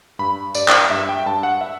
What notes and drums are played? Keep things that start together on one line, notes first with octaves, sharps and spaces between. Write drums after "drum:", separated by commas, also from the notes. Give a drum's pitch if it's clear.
G2 B5
G2 D5, drum: tambourine
drum: clap
G2 E5
G5
G2 A5
F#5
E5